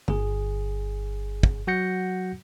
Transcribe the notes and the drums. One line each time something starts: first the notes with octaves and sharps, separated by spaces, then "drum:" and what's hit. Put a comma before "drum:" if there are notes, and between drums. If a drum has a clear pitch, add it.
G1 G#4, drum: tom D3
drum: kick
F#3 F#4 F#5 G6 A#6 C#7